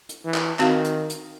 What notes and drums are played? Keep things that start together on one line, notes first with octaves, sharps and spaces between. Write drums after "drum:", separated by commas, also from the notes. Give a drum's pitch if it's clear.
drum: hi-hat
E3
drum: clap
D#3 C4 F#4 F5, drum: clap
drum: hi-hat
drum: hi-hat